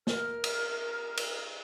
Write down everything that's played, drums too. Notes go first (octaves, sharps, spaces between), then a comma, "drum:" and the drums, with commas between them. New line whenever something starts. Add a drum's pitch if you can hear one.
A#4 F6, drum: snare
drum: cymbal
drum: cymbal